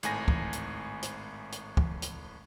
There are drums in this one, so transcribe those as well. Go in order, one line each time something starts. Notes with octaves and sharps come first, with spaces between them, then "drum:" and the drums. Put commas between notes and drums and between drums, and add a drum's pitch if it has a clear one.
G#1 A2 G#5 A#6, drum: hi-hat
drum: kick
drum: hi-hat
drum: hi-hat
drum: hi-hat
drum: kick
drum: hi-hat